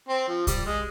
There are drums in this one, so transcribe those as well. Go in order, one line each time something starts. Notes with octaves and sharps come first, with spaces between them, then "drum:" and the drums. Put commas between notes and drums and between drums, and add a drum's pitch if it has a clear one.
C4
F3
G3, drum: kick, hi-hat
G#3